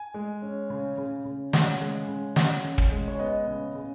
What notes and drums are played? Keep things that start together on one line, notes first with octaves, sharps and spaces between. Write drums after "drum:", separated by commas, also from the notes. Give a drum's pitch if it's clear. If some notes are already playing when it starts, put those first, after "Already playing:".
Already playing: G#5
G#3
C#4
C#3
C#3
C#3
C#3 F#5, drum: snare
G#3
C#3
C#3 F#5, drum: snare
C#3
drum: kick
G#3
C#5
B3 D#5
C#3
C#3